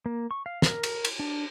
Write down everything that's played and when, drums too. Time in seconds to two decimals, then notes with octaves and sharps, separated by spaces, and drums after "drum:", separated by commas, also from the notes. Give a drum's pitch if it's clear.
0.06 A#3
0.31 C#6
0.46 F5
0.62 A#4, drum: snare
0.83 drum: cymbal
1.05 drum: cymbal
1.20 D4